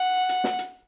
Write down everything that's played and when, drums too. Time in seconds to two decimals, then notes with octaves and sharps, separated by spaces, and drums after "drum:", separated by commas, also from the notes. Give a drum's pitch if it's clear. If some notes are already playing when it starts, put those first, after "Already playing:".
Already playing: F#5
0.29 drum: hi-hat
0.44 drum: snare
0.59 drum: hi-hat